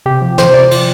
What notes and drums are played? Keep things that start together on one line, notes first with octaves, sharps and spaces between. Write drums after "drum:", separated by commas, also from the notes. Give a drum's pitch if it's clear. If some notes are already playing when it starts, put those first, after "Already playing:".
C3 G4
F3
F3 C5, drum: snare
C3 D5
F3, drum: cymbal